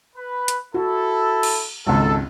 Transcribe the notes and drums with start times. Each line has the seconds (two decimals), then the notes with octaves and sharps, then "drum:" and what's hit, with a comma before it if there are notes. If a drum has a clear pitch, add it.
0.16 B4
0.48 drum: hi-hat
0.74 E4 F#4 A4
1.43 drum: cymbal
1.87 G#1 C#2 A4